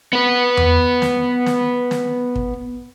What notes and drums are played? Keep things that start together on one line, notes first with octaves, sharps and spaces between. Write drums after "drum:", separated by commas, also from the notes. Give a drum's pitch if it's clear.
B3 B4
drum: tom E2
drum: snare
drum: snare
drum: snare
drum: kick